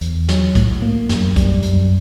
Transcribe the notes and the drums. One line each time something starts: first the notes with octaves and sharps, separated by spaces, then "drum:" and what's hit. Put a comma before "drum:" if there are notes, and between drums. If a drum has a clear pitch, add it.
E2, drum: hi-hat
F#3, drum: snare
A2, drum: kick B1, hi-hat
A#3
F#2, drum: snare
G3, drum: kick B1, hi-hat
F#2, drum: hi-hat